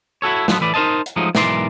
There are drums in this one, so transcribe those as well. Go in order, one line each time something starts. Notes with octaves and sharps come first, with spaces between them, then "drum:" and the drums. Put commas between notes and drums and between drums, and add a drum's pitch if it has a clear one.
E4 F#4 A4 C#5
D3 F3 F#3 B3, drum: snare
A2 E3 B4 D5
D#4 A#4 C5 D#5 A5
drum: hi-hat
F3 F#3 G#3 A3 D#4
B1 G#2 E3 A#4 D5 C6, drum: snare